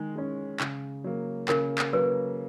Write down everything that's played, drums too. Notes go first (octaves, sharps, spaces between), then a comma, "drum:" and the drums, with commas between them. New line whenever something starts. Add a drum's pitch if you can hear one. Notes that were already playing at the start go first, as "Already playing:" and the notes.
Already playing: D#3 G#3
G#3 C#4
C#3, drum: clap
F#3 A#3
C#3 A#4, drum: clap
drum: clap
F#3 A#3 B4